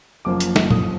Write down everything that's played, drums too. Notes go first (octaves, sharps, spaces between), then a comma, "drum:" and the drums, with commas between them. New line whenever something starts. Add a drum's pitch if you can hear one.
F#1 F#2 F3 A#3 D6
drum: hi-hat
drum: snare
D#6, drum: tom